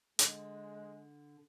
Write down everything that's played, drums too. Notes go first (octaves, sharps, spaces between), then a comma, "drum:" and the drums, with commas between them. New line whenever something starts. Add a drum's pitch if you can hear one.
D3 G#3, drum: hi-hat